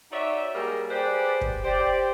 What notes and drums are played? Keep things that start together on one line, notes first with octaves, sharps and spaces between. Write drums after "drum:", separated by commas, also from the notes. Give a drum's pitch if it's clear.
D#4 F#4 C#5 D5 E5
G3 G#3 A#3 G#4 A#4
G4 G#4 B4 C5 D5
drum: kick
G4 C5 D5